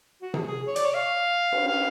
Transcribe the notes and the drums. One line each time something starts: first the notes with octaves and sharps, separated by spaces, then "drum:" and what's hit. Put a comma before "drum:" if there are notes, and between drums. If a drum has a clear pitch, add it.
F#4
G#4, drum: tom C3
G#4
C#5
D5, drum: hi-hat
C#5
F5
drum: cymbal
F5